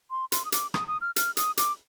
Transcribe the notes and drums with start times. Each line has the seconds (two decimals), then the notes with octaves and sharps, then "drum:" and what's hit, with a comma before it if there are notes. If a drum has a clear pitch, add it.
0.11 C6
0.32 C6, drum: hi-hat
0.45 D#6
0.52 D6, drum: hi-hat
0.74 D#6, drum: rim click
0.88 D#6
1.01 F6
1.16 F6, drum: hi-hat
1.37 D#6, drum: hi-hat
1.57 D6, drum: hi-hat